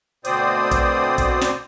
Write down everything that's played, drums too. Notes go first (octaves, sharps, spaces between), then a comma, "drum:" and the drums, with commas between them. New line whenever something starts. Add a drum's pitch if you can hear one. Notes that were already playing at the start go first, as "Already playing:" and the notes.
D2 B2 C4 C5 D5 D#6, drum: hi-hat
drum: kick, hi-hat
drum: kick, hi-hat
drum: snare